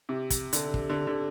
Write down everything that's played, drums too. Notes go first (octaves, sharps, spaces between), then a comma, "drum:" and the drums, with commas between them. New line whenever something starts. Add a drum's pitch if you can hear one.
C3
drum: kick, hi-hat
D3, drum: hi-hat
drum: kick
D3
D3